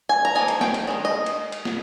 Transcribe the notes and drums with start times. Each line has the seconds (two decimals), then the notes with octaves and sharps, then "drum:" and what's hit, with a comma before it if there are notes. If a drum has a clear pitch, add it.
0.09 G#5
0.25 A#5
0.35 F3 A#3 D#4 G#5
0.48 drum: cymbal
0.61 G5, drum: snare
0.74 drum: cymbal
0.87 D#3 G#3 D#4
1.05 D#5
1.26 drum: cymbal
1.52 drum: cymbal
1.65 drum: snare